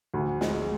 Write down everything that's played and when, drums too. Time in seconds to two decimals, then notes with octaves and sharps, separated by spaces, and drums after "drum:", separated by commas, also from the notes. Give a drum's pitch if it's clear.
0.14 D2
0.41 G#3, drum: snare